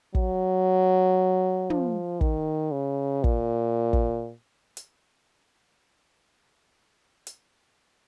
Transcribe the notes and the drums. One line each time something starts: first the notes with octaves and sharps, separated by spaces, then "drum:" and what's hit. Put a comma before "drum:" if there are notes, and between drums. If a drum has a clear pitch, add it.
F#3, drum: kick
F3, drum: tom
D#3, drum: kick
C#3
A#2, drum: kick
drum: kick
drum: hi-hat
drum: hi-hat